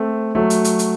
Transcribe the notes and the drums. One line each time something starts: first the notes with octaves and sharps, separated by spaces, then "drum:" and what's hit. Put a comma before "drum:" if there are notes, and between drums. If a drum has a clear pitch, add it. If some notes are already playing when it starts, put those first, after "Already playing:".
Already playing: A3 C4
F#3 A3
drum: hi-hat
drum: hi-hat
drum: hi-hat